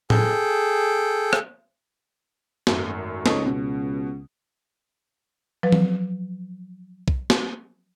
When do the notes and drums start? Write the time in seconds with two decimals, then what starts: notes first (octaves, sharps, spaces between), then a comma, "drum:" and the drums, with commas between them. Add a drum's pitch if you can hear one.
0.10 G#4 A4 G5, drum: tom A2
1.33 drum: rim click
2.67 G#1 F#2 A3, drum: snare
3.26 C#2 D#4 A4 C#5, drum: snare
3.46 B2
5.63 F3 F#3 B4
5.72 drum: tom
7.08 drum: kick
7.30 drum: snare